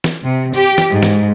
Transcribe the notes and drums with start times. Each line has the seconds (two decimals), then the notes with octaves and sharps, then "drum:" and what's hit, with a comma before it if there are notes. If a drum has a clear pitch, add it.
0.04 drum: snare
0.22 C3
0.53 G4, drum: tambourine
0.78 drum: snare
0.91 G#2
1.03 drum: snare